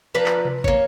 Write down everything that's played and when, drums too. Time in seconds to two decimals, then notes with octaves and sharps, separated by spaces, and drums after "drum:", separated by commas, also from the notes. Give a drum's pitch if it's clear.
0.15 F3 D4 B4 A#5
0.26 drum: clap
0.45 drum: tom C3
0.64 A#3 C#5, drum: kick